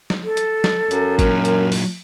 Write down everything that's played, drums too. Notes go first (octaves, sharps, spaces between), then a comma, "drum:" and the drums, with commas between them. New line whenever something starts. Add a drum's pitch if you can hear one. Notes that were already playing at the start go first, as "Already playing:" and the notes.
drum: snare
A4
drum: hi-hat
drum: snare
F#2, drum: hi-hat
A#2 F#3 A#4, drum: kick G#1, hi-hat
drum: hi-hat
drum: open hi-hat